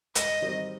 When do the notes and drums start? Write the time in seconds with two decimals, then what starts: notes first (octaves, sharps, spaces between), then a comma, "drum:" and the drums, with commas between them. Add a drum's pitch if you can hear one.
0.15 G#2 D#5, drum: hi-hat
0.41 D#3 G3 C4 D#4